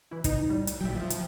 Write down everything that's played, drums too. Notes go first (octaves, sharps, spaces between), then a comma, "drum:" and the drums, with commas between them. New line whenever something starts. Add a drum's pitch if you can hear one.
E3 E4
D#4 A#5, drum: kick, hi-hat
A2 G3
drum: hi-hat
A#1 F#3 E5 G5
E3 F3
drum: hi-hat